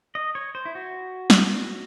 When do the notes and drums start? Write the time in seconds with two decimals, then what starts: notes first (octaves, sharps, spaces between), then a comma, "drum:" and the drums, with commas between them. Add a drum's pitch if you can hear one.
0.15 D#5
0.35 C#5
0.55 C5
0.65 E4
0.75 F#4
1.30 drum: snare